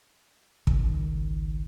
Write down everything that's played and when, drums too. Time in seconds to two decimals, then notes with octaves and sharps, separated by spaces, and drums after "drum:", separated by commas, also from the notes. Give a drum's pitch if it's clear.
0.67 G#1 C#2 D#3, drum: kick